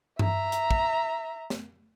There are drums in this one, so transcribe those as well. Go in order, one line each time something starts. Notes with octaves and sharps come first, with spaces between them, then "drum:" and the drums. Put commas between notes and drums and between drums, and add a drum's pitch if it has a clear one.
E5 A#5, drum: tom G2
drum: hi-hat
drum: kick
drum: snare